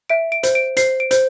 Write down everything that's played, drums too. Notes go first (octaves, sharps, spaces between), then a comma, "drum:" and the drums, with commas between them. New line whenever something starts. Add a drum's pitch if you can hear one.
E5 D7
D7
C5, drum: hi-hat
D7
C5 C7, drum: hi-hat
D7
C5, drum: hi-hat